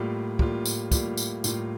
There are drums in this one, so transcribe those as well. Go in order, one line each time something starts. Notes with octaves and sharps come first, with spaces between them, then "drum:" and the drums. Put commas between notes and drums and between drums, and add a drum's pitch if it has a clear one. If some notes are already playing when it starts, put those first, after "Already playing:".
Already playing: A2 G3 A#3 F4
A2 G3 A#3 F4, drum: kick
drum: tambourine
A2 G3 A#3 F4, drum: kick, tambourine
drum: tambourine
A2 G3 A#3 F4, drum: tambourine